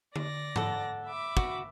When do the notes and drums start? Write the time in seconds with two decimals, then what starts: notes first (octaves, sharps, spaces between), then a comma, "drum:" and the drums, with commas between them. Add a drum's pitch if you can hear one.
0.16 D5 A#6, drum: tom D3
0.56 A4 F#5, drum: tom G#2
1.06 E5 B5 D6
1.37 F#4, drum: kick